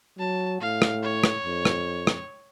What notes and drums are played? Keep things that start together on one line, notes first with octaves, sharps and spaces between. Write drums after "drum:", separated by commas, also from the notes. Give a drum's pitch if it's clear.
F#3 A5
A2 F5
drum: rim click
C#5
drum: rim click
F2
drum: rim click
drum: rim click